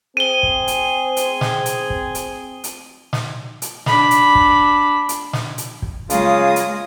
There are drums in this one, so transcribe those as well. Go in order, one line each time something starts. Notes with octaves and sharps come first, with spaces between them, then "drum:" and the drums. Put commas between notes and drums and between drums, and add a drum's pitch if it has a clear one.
C4 G#4 D#7 G7
drum: kick
drum: hi-hat
drum: hi-hat
drum: snare
drum: hi-hat
drum: kick
drum: hi-hat
drum: hi-hat
drum: snare
drum: hi-hat
D4 B5, drum: snare
drum: hi-hat
drum: kick
drum: hi-hat
drum: snare
drum: hi-hat
drum: kick
C#3 G#3 F4 D#6, drum: hi-hat
drum: hi-hat